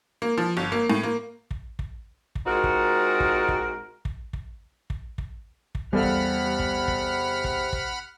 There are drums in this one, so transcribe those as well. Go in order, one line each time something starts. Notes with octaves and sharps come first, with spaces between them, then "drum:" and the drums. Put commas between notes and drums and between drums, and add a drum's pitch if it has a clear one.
A#3
F3
G1
A#3
A2
A#3
drum: kick
drum: kick
drum: kick
A#2 G#3 C4 D#4 F#4 A#4
drum: kick
drum: kick
drum: kick
drum: kick
drum: kick
drum: kick
drum: kick
drum: kick
E2 C3 G3 A4 F5 F#5 B5 F6
drum: kick
drum: kick
drum: kick
drum: kick
drum: kick